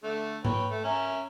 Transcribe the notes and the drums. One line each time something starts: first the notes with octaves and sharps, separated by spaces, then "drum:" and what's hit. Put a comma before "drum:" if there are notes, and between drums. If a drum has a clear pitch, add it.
D3 A3
B4 C#5 G5, drum: tom G#2
A3
C#4 A#4 E5